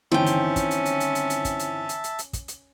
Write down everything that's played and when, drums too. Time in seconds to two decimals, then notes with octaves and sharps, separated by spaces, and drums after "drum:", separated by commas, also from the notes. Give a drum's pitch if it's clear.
0.12 G1 D#3 E3 C4 C#4 E5 G5 A5
0.26 drum: hi-hat
0.56 drum: kick, hi-hat
0.71 drum: hi-hat
0.85 drum: hi-hat
1.00 drum: hi-hat
1.15 drum: hi-hat
1.30 drum: hi-hat
1.45 drum: kick, hi-hat
1.59 drum: hi-hat
1.89 drum: hi-hat
2.04 drum: hi-hat
2.19 drum: hi-hat
2.33 drum: kick, hi-hat
2.48 drum: hi-hat